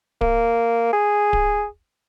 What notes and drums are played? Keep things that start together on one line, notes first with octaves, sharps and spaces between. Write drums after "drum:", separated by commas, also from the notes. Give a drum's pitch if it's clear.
A#3, drum: kick D1
G#4
drum: kick D1